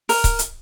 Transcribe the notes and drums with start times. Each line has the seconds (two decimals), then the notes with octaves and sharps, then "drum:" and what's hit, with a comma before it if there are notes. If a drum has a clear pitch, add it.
0.09 A#4, drum: open hi-hat
0.24 drum: kick C#1, hi-hat
0.39 drum: hi-hat